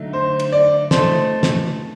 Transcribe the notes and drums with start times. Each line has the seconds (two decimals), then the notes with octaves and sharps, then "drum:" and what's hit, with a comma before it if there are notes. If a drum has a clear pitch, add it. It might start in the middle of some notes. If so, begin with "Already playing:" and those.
Already playing: D3 F#3 A3 D#4
0.13 C5
0.40 drum: cymbal
0.52 D5
0.91 A3 D#4 A4 C5, drum: snare
1.43 drum: snare